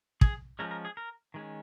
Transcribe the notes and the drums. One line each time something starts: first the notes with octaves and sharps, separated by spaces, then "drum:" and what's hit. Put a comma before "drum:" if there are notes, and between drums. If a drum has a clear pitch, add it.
G#4, drum: kick
F3 G#3 C#4 A#4
A#4
G#4
A#4
D#3 G#3 C#4